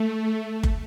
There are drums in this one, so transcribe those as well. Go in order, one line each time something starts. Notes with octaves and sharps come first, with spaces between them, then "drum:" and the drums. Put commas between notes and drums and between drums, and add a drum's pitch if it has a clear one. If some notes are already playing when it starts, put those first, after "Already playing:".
Already playing: A3
drum: kick G1